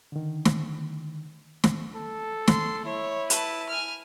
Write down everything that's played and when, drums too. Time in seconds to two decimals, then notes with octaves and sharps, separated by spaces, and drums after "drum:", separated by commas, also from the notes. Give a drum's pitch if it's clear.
0.12 D3 D#3
0.45 drum: snare
1.64 drum: snare
1.95 A4
2.48 C6, drum: snare
2.85 E4 C#5
3.30 B4 A5, drum: hi-hat
3.69 G#5 F6